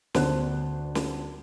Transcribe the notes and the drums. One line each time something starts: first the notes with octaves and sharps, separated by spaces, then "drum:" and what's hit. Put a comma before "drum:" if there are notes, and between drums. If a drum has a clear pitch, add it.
D2 B3 D4 C5 F#6, drum: snare
drum: snare